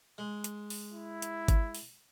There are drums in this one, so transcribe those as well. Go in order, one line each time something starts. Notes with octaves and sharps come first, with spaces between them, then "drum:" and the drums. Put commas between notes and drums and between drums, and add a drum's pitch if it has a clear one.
G#3
drum: hi-hat
drum: open hi-hat
E4
drum: hi-hat
drum: kick G#1, hi-hat
drum: open hi-hat